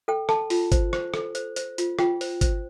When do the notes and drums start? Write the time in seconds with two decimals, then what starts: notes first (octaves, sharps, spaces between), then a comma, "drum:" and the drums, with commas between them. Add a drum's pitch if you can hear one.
0.08 A4 G5
0.29 A4 A5, drum: rim click
0.50 F4, drum: open hi-hat
0.72 C5, drum: kick G#1, hi-hat
0.93 C5, drum: rim click
1.14 A4, drum: rim click
1.35 C5, drum: hi-hat
1.56 C5, drum: hi-hat
1.78 F4, drum: hi-hat
1.99 F4 G5, drum: rim click
2.21 C5, drum: open hi-hat
2.41 C5, drum: kick G#1, hi-hat